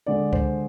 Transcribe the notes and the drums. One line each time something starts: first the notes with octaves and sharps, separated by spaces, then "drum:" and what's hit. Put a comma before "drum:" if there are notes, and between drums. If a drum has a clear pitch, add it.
D3 G#3 D4 D5
C5, drum: kick C#2